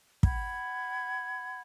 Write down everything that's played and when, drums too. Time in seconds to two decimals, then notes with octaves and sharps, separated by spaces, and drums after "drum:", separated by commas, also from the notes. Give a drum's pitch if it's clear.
0.23 F#5 B5 G#6, drum: kick